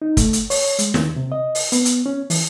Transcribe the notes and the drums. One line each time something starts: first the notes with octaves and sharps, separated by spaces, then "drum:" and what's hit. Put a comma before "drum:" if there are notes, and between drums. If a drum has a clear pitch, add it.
D#4
A3, drum: kick, hi-hat
drum: hi-hat
C#5, drum: open hi-hat
G#3, drum: hi-hat
D#2, drum: snare
C3
D#5
drum: open hi-hat
B3, drum: hi-hat
drum: hi-hat
C#4
E3, drum: open hi-hat